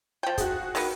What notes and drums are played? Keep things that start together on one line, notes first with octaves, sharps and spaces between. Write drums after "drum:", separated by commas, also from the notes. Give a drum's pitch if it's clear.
F3 G5
F#4 G#4, drum: kick, hi-hat
D#3 B3, drum: open hi-hat